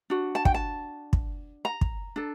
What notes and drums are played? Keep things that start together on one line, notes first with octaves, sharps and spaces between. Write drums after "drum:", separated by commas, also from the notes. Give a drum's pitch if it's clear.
D4 F#4
A5
G5, drum: kick
A5
drum: kick
A#5
drum: kick
D4 A4